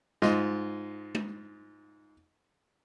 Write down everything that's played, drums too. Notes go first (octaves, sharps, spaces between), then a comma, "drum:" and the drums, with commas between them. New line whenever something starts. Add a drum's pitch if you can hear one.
G#2 F4 D#5, drum: snare
drum: tom